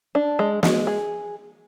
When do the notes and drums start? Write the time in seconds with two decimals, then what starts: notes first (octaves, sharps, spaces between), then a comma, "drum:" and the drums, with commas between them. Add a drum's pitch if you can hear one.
0.15 D4
0.39 G#3
0.63 G#3, drum: snare
0.87 G#4